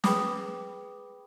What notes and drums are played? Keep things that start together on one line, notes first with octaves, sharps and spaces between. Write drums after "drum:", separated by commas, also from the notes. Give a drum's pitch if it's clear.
G#4 B4 G5 B5 D6 D#6, drum: snare